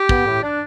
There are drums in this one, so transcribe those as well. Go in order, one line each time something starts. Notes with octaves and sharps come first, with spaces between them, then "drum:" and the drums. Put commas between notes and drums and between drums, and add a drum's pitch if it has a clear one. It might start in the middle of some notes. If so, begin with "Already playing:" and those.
Already playing: G4
B3, drum: kick
A2
D4